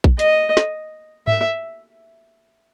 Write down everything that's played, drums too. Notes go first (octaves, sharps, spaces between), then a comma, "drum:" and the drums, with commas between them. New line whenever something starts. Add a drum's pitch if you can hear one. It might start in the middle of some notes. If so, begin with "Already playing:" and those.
drum: kick A#1
D#5, drum: hi-hat
drum: snare
E5, drum: tom G#2